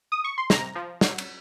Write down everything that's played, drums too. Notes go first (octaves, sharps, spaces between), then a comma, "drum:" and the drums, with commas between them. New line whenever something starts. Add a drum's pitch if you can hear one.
D#6
C#6
C6
C3 A#5, drum: snare
F3
F#3, drum: snare
drum: cymbal